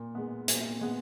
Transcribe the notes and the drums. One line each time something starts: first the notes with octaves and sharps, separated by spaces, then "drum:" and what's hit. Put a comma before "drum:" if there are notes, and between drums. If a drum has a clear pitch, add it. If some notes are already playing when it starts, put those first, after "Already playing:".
Already playing: A#2
G#3 B3
A#2 G#6, drum: hi-hat
G#3 B3